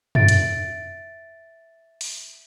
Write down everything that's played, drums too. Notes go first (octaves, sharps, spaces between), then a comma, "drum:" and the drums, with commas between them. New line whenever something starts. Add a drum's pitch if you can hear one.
E5 A6 D7, drum: tom
drum: hi-hat
drum: open hi-hat